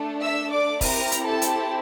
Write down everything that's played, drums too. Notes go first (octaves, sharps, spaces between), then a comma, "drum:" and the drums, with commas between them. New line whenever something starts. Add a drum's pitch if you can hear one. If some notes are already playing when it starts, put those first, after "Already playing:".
Already playing: A3 D4 A4
E5 E6
D5 D6
C4 E4 G4 A#4 A#5, drum: kick, open hi-hat
drum: hi-hat
A4 A5
drum: hi-hat